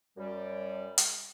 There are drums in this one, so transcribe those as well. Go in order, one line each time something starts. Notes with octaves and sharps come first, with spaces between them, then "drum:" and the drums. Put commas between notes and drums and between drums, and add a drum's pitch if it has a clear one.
F#2 G3
drum: hi-hat